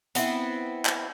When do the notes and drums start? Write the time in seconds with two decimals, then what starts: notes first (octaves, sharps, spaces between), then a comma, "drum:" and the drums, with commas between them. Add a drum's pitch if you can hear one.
0.15 B3 C4 E4, drum: hi-hat
0.85 drum: clap